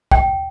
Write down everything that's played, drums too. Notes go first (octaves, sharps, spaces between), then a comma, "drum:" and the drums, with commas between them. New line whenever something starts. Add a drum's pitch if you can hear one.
G5, drum: kick B1